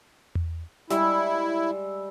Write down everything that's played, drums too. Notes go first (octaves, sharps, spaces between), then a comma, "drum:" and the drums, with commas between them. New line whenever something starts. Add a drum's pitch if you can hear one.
drum: tom E2
G3 G#3 E4 E5, drum: snare